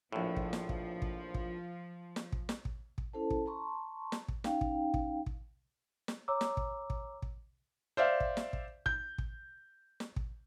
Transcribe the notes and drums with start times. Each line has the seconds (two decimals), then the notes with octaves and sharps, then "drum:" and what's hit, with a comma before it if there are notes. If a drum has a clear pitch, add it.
0.13 A#1 A2 F3
0.36 drum: kick
0.53 drum: snare
0.69 drum: kick
1.02 drum: kick
1.34 drum: kick
2.16 drum: snare
2.32 drum: kick
2.49 drum: snare
2.65 drum: kick
2.98 drum: kick
3.13 C#4 E4 A4 C5 A5
3.30 drum: kick
3.46 A5 A#5 C6 C#6
4.12 drum: snare
4.28 drum: kick
4.44 C#4 D#4 F5 G5, drum: snare
4.61 drum: kick
4.94 drum: kick
5.26 drum: kick
6.08 drum: snare
6.28 C#5 A#5 D6 E6
6.41 drum: snare
6.57 drum: kick
6.90 drum: kick
7.22 drum: kick
7.97 C5 D5 E5 F5
8.20 drum: kick
8.37 drum: snare
8.53 drum: kick
8.86 G6, drum: kick
9.18 drum: kick
10.00 drum: snare
10.16 drum: kick